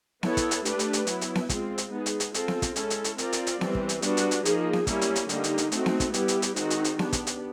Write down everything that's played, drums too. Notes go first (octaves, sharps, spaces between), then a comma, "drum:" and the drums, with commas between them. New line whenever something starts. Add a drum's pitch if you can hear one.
B3 E4 A4 C#5, drum: snare B3
drum: kick, hi-hat
drum: hi-hat
A3 D4 G4 B4, drum: hi-hat
drum: hi-hat
drum: hi-hat
F#3 B3 E4, drum: hi-hat
drum: hi-hat
drum: snare B3
G#3 C4 F4, drum: kick, hi-hat
drum: hi-hat
G#3 B3 D#4 G#4
drum: hi-hat
drum: hi-hat
C4 F4 A4, drum: hi-hat
drum: snare B3
drum: kick, hi-hat
G#3 C#4 E4 A4, drum: hi-hat
drum: hi-hat
drum: hi-hat
C4 F4 A#4 D5, drum: hi-hat
drum: hi-hat
drum: hi-hat
E3 G3 C4, drum: snare B3
drum: kick
drum: hi-hat
G3 B3 D4 F#4, drum: hi-hat
drum: hi-hat
drum: hi-hat
F3 A#3 D#4 G#4, drum: hi-hat
drum: snare B3
G3 A#3 C#4 E4, drum: kick, hi-hat
drum: hi-hat
drum: hi-hat
D3 G3 A#3 D#4, drum: hi-hat
drum: hi-hat
drum: hi-hat
A3 C4 D#4 F#4, drum: hi-hat
drum: snare B3
drum: kick, hi-hat
G3 B3 E4 G4, drum: hi-hat
drum: hi-hat
drum: hi-hat
D#3 G#3 C4 D#4 F#4, drum: hi-hat
drum: hi-hat
drum: hi-hat
B3 D4 G4, drum: snare B3
drum: kick, hi-hat
drum: hi-hat